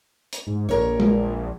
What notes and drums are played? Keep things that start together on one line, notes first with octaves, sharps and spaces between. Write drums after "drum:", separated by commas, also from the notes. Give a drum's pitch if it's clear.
drum: hi-hat
G#2
A#1 A#4 C#5
drum: tom G#3